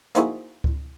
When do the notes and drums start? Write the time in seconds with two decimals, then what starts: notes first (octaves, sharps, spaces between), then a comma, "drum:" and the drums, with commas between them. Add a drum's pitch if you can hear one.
0.15 A#3 C4 D#4 E4 F#4 G#4, drum: hi-hat
0.64 drum: kick C#2